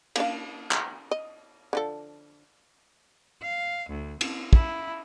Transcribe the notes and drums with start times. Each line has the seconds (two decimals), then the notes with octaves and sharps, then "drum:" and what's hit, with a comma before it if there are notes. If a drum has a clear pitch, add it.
0.16 A#3 D4 F5, drum: cymbal
0.71 drum: clap
1.11 D#5
1.73 D3 F3 A4
3.42 F5
3.90 D2
4.21 C4, drum: cymbal
4.53 E4, drum: kick